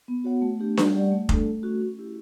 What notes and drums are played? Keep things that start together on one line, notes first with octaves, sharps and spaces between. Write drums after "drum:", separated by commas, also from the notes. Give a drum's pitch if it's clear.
B3
F#4 C#5 F#5
A3
D4 G4
G3, drum: snare D4
C#4 G4 D5 F#5
A3
D4 A4, drum: kick
A3
C#4 F#4
C#4
E4 G4